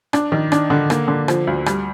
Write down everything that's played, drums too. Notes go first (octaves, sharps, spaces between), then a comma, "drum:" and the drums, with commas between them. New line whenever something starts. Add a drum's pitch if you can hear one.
D4, drum: rim click
D#3
D4, drum: rim click
D3
A#3, drum: rim click
D3
F3, drum: rim click
D2
G3, drum: rim click